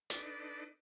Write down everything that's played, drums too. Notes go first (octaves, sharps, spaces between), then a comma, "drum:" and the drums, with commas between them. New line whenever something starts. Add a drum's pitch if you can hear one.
D4 D#4 A4 B4 D5, drum: hi-hat